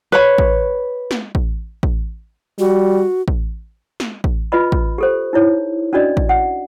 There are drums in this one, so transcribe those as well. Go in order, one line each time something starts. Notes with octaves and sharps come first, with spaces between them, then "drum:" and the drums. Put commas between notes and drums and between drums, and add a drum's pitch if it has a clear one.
B4 C#5 B5
drum: kick A1
drum: snare
drum: kick A1
drum: kick A1
G3 F#4
drum: kick A1
drum: snare
drum: kick A1
F4 B4 D#5 B5
drum: kick A1
G4 A4 C5
D#4 E4 C#5
C#4 D4 F#4 D5 D#5
drum: kick A1
F#5